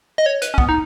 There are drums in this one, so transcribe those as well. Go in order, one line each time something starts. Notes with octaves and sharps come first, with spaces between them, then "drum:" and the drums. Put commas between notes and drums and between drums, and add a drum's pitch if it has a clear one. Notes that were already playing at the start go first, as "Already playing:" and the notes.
D#5
C#5
B4, drum: hi-hat
C#4
B3, drum: kick
D#4